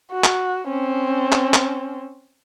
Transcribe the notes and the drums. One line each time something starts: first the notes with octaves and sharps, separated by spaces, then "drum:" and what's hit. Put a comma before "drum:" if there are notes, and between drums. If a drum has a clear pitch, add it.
F#4
drum: clap
C4 C#4
drum: clap
drum: clap